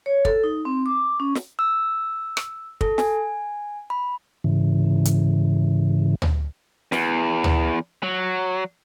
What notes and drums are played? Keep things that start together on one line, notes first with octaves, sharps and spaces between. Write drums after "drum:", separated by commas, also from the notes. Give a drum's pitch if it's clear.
C#5
A4, drum: kick
D#4
C4
D6
C#4
drum: snare
E6
drum: rim click
A4, drum: kick
G#5, drum: snare
B5
G#2 C#3 E3
drum: hi-hat
drum: tom
E2, drum: snare
drum: tom
F#3